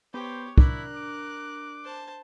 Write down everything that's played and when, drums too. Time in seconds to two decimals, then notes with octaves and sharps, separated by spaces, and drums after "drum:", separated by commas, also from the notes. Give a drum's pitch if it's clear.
0.14 B3 G4 C5 C#5
0.58 D4 E4 A#4 F#6, drum: kick
0.96 D6
1.84 C5 A5